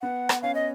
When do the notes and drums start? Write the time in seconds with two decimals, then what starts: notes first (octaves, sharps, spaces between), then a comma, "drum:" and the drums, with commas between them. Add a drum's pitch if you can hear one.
0.02 B3 F#5
0.29 drum: rim click
0.42 C#4 F5
0.55 D#5